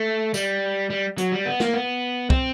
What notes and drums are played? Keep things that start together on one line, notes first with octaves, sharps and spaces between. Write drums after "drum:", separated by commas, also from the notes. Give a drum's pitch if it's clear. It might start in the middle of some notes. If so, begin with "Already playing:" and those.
Already playing: A3
G3, drum: tambourine
G3
F#3, drum: hi-hat
G3
B3
A#3, drum: snare
B3
C4, drum: kick C2